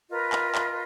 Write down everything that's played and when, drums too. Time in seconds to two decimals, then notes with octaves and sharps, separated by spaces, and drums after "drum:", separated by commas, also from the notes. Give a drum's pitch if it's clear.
0.10 F4 A#4 B4 D#5
0.33 drum: clap
0.55 drum: clap